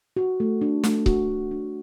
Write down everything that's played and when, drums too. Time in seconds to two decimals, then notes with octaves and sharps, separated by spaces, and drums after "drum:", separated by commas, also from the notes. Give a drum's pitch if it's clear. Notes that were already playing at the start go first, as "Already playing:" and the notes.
0.17 F#4
0.40 A3
0.61 D4
0.84 A3, drum: snare
1.06 F#4, drum: kick C#1
1.29 A3
1.51 D4